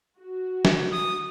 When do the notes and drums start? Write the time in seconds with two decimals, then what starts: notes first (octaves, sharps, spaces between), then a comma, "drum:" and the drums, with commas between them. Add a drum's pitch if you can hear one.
0.19 F#4
0.65 drum: snare
0.92 D#6